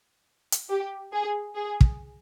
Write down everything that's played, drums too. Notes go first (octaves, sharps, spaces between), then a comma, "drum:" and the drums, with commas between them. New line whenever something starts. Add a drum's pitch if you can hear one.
drum: hi-hat
G4
G#4
G#4
drum: kick